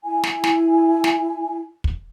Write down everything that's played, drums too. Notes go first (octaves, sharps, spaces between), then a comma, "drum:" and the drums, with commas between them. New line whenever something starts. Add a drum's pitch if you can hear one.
E4 G#5
drum: snare
drum: snare
drum: snare
drum: kick